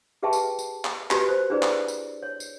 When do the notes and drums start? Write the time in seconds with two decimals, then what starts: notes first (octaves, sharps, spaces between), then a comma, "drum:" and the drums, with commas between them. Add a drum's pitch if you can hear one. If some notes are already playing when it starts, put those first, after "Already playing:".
0.23 G4 G#4 B4 E5 G5 A5
0.33 drum: tambourine
0.59 drum: tambourine
0.85 drum: clap
1.11 F#4 G4 B4, drum: clap
1.28 C5
1.50 D4 E4 G#4 B4 C5 D5
1.62 drum: clap
1.88 drum: tambourine
2.23 C#5
2.40 drum: tambourine